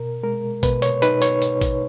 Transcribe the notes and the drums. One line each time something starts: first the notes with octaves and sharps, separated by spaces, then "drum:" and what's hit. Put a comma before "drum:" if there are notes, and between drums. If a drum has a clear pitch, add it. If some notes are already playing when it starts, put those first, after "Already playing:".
Already playing: B2 A#4
G#3 A#4
B2 B4, drum: kick A1, hi-hat
C#5, drum: hi-hat
D#4 B4, drum: hi-hat
C#5, drum: hi-hat
drum: hi-hat
drum: kick A1, hi-hat